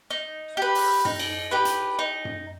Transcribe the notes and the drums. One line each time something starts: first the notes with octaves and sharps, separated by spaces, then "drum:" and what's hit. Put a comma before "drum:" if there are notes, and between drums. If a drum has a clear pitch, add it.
D#4
G4 B4
drum: open hi-hat
D#4, drum: tom F#2
drum: cymbal
G4 B4
drum: hi-hat
D#4
drum: tom F#2